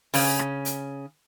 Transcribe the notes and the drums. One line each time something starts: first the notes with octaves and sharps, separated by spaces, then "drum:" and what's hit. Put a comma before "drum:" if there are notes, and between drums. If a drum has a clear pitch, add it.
C#3 C#4, drum: open hi-hat
drum: rim click
drum: hi-hat